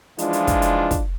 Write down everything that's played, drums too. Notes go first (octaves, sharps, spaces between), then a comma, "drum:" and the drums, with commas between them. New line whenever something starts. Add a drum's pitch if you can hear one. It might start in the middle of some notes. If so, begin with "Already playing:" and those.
E3 F3 G#3 D4 D#4 F4, drum: hi-hat
drum: hi-hat
drum: kick, hi-hat
drum: hi-hat
drum: kick, hi-hat